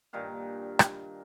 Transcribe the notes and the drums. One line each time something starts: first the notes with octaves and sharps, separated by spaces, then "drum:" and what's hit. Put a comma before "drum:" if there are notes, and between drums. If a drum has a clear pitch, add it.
G2 A#2 D#3 F5
drum: rim click